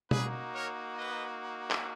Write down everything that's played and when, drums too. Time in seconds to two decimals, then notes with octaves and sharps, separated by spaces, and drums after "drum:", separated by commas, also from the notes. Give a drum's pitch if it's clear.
0.11 A#3 D#4 F#4 G#4 B4, drum: tom B2
0.55 A#4 C#5
0.99 B4 D#5
1.71 drum: clap